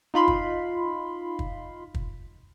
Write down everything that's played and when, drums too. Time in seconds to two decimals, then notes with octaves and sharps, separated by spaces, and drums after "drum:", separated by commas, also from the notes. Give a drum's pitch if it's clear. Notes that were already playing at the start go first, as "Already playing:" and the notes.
0.14 D#4 F4 B5 C6
0.28 drum: kick
1.39 drum: kick
1.94 drum: kick